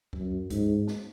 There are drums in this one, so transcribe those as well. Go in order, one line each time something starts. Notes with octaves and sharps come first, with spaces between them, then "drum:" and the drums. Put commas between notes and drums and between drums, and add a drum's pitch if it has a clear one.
F#2, drum: kick C#2
G#2, drum: kick C#2, hi-hat
drum: snare